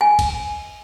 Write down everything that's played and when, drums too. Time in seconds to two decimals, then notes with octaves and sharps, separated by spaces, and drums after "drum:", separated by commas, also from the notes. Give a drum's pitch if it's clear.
0.01 G#5
0.19 drum: kick, cymbal